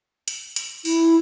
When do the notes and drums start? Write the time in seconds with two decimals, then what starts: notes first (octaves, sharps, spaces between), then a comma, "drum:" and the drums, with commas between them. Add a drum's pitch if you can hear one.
0.28 drum: hi-hat
0.56 drum: hi-hat
0.85 E4, drum: open hi-hat